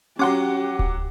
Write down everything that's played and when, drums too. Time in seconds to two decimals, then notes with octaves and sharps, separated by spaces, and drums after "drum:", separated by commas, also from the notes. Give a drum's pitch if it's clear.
0.19 F#3 C#4 G4 C#5 F#5 C6 D6
0.79 drum: kick D1